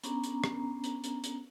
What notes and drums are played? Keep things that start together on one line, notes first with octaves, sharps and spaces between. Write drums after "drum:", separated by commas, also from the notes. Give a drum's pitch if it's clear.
B3 C#4 D4 A#5, drum: hi-hat
drum: hi-hat
drum: rim click
drum: hi-hat
drum: hi-hat
drum: hi-hat